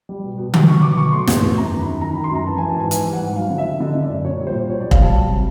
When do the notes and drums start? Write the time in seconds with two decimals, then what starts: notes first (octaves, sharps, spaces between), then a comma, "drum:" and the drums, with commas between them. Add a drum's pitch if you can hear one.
0.09 G3
0.24 B2
0.38 B2
0.54 G3, drum: tom D3
0.68 F#3 C#6
0.82 B2 D6
0.98 F#3 C#6
1.12 A3 C6
1.27 E2, drum: snare
1.42 E2
1.57 F#2 A#5
1.72 D#3
1.80 B5
1.87 F#2
2.01 D#3 A#5
2.13 D#3 B5
2.24 C6
2.31 F#2 A#5
2.47 E3 A5
2.58 E3 G#5
2.69 A5
2.76 G#2 G#5
2.91 E3 G#5, drum: hi-hat
3.06 G3
3.13 F#5
3.21 G#2
3.36 F#3 F5
3.50 D3
3.58 E5
3.65 D3
3.80 D3 D#5
3.96 D3
4.02 D5
4.10 F#2
4.25 A#2 C#5
4.40 G3
4.47 C5
4.54 A#2
4.69 A#2 C#5
4.81 G3 D5
4.91 F5, drum: kick
4.99 G3 A5
5.14 F#3
5.29 C3